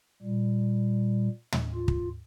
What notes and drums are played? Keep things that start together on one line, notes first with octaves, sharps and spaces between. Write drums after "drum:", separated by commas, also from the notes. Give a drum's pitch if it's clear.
A#2 G3
drum: tom
F4
drum: kick